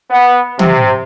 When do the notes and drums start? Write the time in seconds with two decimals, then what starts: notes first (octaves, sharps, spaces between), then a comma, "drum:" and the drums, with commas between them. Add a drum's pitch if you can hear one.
0.11 B3
0.59 C3, drum: tom